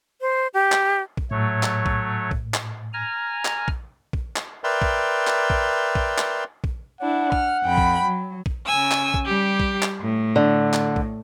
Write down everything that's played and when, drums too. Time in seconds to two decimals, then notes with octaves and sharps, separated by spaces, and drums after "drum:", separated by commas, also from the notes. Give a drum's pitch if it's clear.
0.21 C5
0.54 G4
0.72 drum: clap
1.17 drum: kick
1.31 A2 F#3 A3 C#5
1.63 drum: clap
1.86 drum: kick
2.31 drum: kick
2.54 drum: clap
2.93 G#5 A#5 F6
3.45 drum: clap
3.68 drum: kick
4.13 drum: kick
4.36 drum: clap
4.64 A#4 B4 D5 E5 G5 C6
4.82 drum: kick
5.27 drum: clap
5.50 drum: kick
5.95 drum: kick
6.18 drum: clap
6.64 drum: kick
7.01 D4 E4 F#5
7.32 F6, drum: kick
7.64 F2 G5 B5
7.78 drum: kick
8.05 F#3
8.46 drum: kick
8.67 C#3 G#5 E6
8.91 drum: clap
9.14 drum: kick
9.25 G3 G4
9.60 drum: kick
9.82 drum: clap
10.01 A2
10.36 D3
10.73 drum: clap
10.96 drum: kick